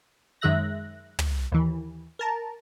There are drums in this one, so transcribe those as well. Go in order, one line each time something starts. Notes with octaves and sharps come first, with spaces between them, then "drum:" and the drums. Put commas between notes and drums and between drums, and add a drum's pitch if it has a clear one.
F#2 D#3 G#3 E5 F#6 A#6
drum: tom
D#2 E3
A#4 A5 A#5